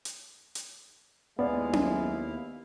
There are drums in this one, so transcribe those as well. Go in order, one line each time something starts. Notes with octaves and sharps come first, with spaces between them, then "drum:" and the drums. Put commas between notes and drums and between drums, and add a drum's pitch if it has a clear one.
drum: hi-hat
drum: hi-hat
D#2 G#3 B3 E4 D5 F5
drum: tom C#4